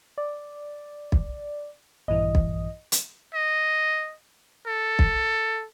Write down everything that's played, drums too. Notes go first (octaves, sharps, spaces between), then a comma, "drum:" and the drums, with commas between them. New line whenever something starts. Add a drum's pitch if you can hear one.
D5
drum: kick
A#1 G2 E3 D#5
drum: kick
drum: hi-hat
D#5
A4
drum: kick